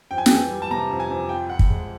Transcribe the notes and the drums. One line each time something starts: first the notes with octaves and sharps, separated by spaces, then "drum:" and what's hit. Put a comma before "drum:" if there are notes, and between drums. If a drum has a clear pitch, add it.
F2 G5
G#5
G5, drum: snare
E3
G3
A5
C3 A#5
F2
G#5
F2
F4 G5
F4 F#5
drum: kick
G#3